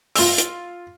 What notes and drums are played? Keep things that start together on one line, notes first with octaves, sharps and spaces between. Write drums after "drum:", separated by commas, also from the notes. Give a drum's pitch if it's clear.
F4 E6, drum: open hi-hat
drum: hi-hat